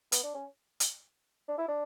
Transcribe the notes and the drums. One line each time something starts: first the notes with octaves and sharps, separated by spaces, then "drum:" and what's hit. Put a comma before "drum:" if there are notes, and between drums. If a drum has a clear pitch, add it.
B3, drum: hi-hat
D4
C#4
drum: hi-hat
D4
E4
D4